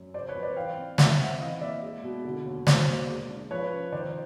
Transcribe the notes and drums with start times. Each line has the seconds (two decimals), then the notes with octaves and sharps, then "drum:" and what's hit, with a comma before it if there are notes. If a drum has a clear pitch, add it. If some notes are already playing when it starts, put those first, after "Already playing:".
Already playing: F#2
0.14 C#3 C5 D5
0.28 B4 C#5
0.35 F2
0.42 C5 D5
0.56 E3 F5 G5
0.77 C4
0.98 D#3 E5 F#5, drum: snare
1.19 C4 E5 F#5
1.40 E3 D#5 F5
1.61 A#3 D5 E5
1.82 G#3
2.03 B2
2.25 D3
2.45 D#2
2.67 B2 C5 D5, drum: snare
2.87 A#3
3.08 G#3
3.30 D4
3.51 F3 B4 C#5
3.72 C#4
3.92 D#3 C5 D5